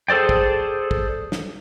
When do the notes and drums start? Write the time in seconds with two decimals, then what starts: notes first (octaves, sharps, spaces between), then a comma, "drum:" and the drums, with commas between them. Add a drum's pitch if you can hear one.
0.09 G#4 A4 C5 D5 G5
0.29 drum: kick
0.91 drum: kick
1.32 drum: snare